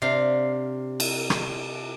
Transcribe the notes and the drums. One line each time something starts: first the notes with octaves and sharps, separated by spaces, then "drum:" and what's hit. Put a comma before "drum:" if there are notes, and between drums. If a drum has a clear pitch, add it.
C3 D4 F5
drum: cymbal
drum: rim click